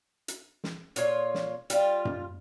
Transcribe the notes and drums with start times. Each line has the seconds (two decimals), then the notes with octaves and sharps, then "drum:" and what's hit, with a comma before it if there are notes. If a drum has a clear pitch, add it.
0.28 drum: hi-hat
0.64 drum: snare
0.96 A#2 F4 C#5, drum: hi-hat
1.34 drum: snare
1.70 G3 F4, drum: hi-hat
2.05 drum: tom F#2